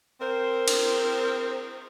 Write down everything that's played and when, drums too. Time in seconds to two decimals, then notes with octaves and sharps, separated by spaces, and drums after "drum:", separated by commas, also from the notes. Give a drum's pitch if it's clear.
0.21 C4 A#4 C5
0.68 drum: cymbal